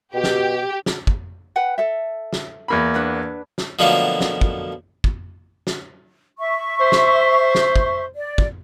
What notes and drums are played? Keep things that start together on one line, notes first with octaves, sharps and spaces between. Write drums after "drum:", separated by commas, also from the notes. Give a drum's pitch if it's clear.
B2 G4
drum: snare
drum: snare
drum: kick
B4 F#5 G5
A4 E5
drum: snare
E2 A#3 B5
D4 B4 F#5
drum: snare
B2 D3 F3 F#3 A3 A#3
drum: snare
drum: kick
drum: kick
drum: snare
E5 C#6
C5
drum: snare
drum: snare
drum: kick
D5
drum: kick